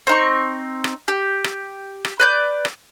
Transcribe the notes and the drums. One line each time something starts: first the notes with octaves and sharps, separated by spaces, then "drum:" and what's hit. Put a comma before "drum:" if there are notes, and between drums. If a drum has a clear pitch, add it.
C4 D#4 C#6
drum: rim click
G4
drum: rim click
drum: rim click
B4 D5 G6
drum: rim click